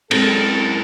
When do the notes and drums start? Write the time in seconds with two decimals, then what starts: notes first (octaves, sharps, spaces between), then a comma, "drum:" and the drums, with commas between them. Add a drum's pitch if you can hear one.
0.11 F#2 G#3 C4 A4 A#4, drum: cymbal